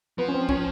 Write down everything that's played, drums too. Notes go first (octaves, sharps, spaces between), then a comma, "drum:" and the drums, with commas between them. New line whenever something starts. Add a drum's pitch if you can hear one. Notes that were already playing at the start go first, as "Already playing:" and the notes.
F3 B3
C#4
C4
C#4, drum: kick